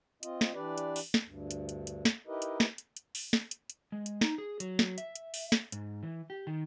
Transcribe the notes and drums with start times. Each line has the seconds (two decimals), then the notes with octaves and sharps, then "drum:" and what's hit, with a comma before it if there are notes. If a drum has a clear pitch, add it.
0.23 C4 F4 D#5, drum: hi-hat
0.41 drum: snare
0.54 E3 D4 G4 B4 D5
0.78 drum: hi-hat
0.96 drum: open hi-hat
1.14 drum: snare
1.24 D2 G2
1.51 drum: hi-hat
1.69 drum: hi-hat
1.87 drum: hi-hat
2.05 drum: snare
2.27 D#4 E4 G4 A#4 B4 D#5
2.42 drum: hi-hat
2.60 drum: snare
2.78 drum: hi-hat
2.97 drum: hi-hat
3.15 drum: open hi-hat
3.33 drum: snare
3.51 drum: hi-hat
3.70 drum: hi-hat
3.92 G#3
4.06 drum: hi-hat
4.21 D#4, drum: snare
4.38 G#4
4.60 F#3, drum: hi-hat
4.79 drum: snare
4.98 E5, drum: hi-hat
5.16 drum: hi-hat
5.34 drum: open hi-hat
5.52 drum: snare
5.72 G#2, drum: hi-hat
6.03 E3
6.30 G4
6.47 D#3